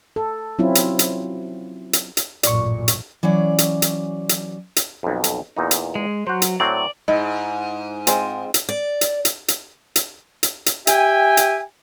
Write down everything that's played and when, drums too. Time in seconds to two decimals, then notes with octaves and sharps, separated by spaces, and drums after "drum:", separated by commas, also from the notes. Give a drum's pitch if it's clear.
0.16 A4
0.59 F#3 C4 C#4 E4 F4
0.75 drum: hi-hat
0.99 drum: hi-hat
1.93 drum: hi-hat
2.17 drum: hi-hat
2.43 A1 F#2 A#2 D5 C#6, drum: hi-hat
2.88 drum: hi-hat
3.23 E3 F#3 C#4 D5
3.58 drum: hi-hat
3.82 drum: hi-hat
4.29 drum: hi-hat
4.76 drum: hi-hat
5.03 B1 F2
5.24 drum: hi-hat
5.57 E2 A#2 D#4
5.71 drum: hi-hat
5.95 G#3
6.27 F#3 F#4 C5
6.42 drum: hi-hat
6.60 A2 F#3 C4 D5
7.08 G#2 E4 D#5
8.07 G#3 C4 F4 G#5, drum: hi-hat
8.54 drum: hi-hat
8.69 D5
9.01 drum: hi-hat
9.25 drum: hi-hat
9.48 drum: hi-hat
9.96 drum: hi-hat
10.43 drum: hi-hat
10.66 drum: hi-hat
10.87 G4 E5 G5 G#5, drum: hi-hat
11.37 drum: hi-hat